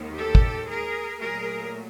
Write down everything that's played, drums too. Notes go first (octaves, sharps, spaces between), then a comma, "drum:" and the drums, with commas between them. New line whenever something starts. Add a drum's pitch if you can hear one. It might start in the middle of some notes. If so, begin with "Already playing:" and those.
Already playing: D#2 D#3 G#3
G4 A4
drum: kick
G#4 A#4
A#2 F#3 A3 G#4 A#4